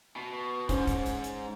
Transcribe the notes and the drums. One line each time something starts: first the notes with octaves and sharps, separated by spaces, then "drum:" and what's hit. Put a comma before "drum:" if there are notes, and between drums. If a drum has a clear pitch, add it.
B2
G#2 C#4 C5, drum: kick, hi-hat
drum: kick, hi-hat
drum: hi-hat
drum: hi-hat